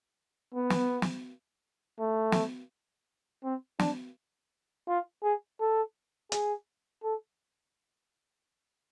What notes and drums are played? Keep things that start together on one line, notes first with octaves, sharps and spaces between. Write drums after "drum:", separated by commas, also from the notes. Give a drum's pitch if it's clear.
B3
drum: snare
drum: snare
A3
drum: snare
C4
D4, drum: snare
F4
G#4
A4
G#4, drum: hi-hat
A4